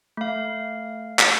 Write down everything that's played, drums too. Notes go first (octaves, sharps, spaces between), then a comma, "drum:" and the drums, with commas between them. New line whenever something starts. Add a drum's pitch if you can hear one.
A3 F5
drum: clap